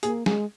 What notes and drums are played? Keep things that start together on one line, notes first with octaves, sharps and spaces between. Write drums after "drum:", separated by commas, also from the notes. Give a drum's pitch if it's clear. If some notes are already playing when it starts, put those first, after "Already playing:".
A#3 G#4, drum: hi-hat
G#3 G#4, drum: snare